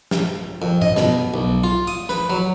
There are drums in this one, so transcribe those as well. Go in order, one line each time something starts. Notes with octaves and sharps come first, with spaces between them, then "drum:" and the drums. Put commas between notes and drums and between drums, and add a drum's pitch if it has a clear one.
drum: snare
F2
D#5, drum: tom G#2
B2, drum: snare
B1
F4
D#6, drum: hi-hat
B4, drum: snare
F#3